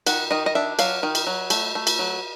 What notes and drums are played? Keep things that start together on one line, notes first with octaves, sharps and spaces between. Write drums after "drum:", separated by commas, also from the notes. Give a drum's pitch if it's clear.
D#3 F#5, drum: cymbal
D#3 D#5
D#5
D4 E5
F#3 F5, drum: cymbal
D#3
drum: cymbal
F#3
A3, drum: cymbal
A3
drum: cymbal
F#3